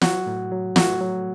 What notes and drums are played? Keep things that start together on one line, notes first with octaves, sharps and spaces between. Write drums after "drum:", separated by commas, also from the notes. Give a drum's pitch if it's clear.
F#3 F#4 F#5, drum: snare
A2
F#3
A3 F#4 F#5, drum: snare
F#3